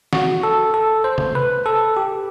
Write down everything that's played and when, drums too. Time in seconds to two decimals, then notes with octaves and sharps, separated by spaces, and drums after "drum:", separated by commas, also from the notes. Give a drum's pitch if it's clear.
0.13 F#4, drum: snare
0.43 A4
0.74 A4
1.04 C5
1.18 drum: tom C3
1.35 B4
1.66 A4
1.97 G4